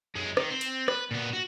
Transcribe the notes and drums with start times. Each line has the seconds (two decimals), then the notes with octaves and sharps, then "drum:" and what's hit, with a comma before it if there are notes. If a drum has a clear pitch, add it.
0.16 F#2 G#3
0.37 D#3, drum: rim click
0.50 C4
0.61 drum: hi-hat
0.88 B4, drum: rim click
1.11 A#2 B3
1.33 F#4